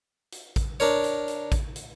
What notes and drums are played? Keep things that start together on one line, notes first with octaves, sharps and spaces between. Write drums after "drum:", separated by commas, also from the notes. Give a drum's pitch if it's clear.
drum: hi-hat
drum: kick A1, hi-hat
D4 A#4 C#5
drum: hi-hat
drum: hi-hat
drum: kick A1, hi-hat
drum: hi-hat